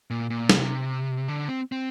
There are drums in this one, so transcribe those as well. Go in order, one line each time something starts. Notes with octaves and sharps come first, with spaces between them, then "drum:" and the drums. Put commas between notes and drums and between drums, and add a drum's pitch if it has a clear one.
A#2
A#2
C3, drum: snare
D3
C4
C4